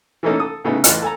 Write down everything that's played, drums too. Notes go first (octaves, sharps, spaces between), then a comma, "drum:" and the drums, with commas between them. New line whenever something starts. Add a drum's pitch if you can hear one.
E3 A3 A#3 C#4 D#4 A4
A4 D#6
A2 C#3 B3 D#4
E2 A2 F4 B4 D#5 F6, drum: hi-hat
A4 G#5 A#5